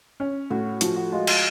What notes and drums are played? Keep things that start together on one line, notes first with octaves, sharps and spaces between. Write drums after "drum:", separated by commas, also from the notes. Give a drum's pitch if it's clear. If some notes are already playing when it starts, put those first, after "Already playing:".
C#4
A2 F#4
F3 F#4, drum: hi-hat
F#4
G#3 F4
F4, drum: cymbal